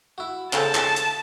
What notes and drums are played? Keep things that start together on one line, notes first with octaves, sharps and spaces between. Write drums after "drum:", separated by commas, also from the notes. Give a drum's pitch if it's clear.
E4 F#4
C#3 A4 C5 A5, drum: clap
drum: clap
drum: hi-hat